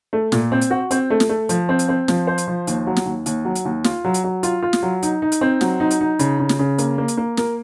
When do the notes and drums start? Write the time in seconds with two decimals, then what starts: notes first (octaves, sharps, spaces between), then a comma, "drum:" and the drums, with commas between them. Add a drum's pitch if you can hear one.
0.13 A3
0.32 A#2, drum: snare
0.52 C4
0.61 drum: hi-hat
0.71 F#4
0.91 C4, drum: hi-hat
1.10 A3
1.20 drum: snare
1.29 A3
1.49 F3, drum: hi-hat
1.69 C4
1.79 drum: hi-hat
1.89 C4
2.08 F3, drum: snare
2.27 C5
2.38 drum: hi-hat
2.47 F3
2.67 D#2, drum: hi-hat
2.87 F#3
2.97 drum: snare
3.06 D#2
3.26 D#2, drum: hi-hat
3.45 F#3
3.55 drum: hi-hat
3.65 D#2
3.84 F4, drum: snare
4.05 F#3
4.14 drum: hi-hat
4.24 F#3
4.43 F4, drum: hi-hat
4.62 F4
4.73 drum: snare
4.83 F#3
5.02 D#4, drum: hi-hat
5.22 D#4
5.32 drum: hi-hat
5.41 C4
5.61 F#3, drum: snare
5.80 D#4
5.90 drum: hi-hat
6.01 D#4
6.19 C#3, drum: hi-hat
6.40 C#3
6.49 drum: snare
6.59 C#3
6.78 A#3, drum: hi-hat
6.98 A#3
7.08 drum: hi-hat
7.17 A#3
7.37 A#4, drum: snare